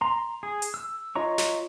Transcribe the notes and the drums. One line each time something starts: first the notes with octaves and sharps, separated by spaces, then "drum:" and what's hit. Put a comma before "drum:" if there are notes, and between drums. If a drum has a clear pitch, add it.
A#5 C6
G#4
drum: hi-hat
E6
F4 C#5 D#5 A#5 C#6
drum: snare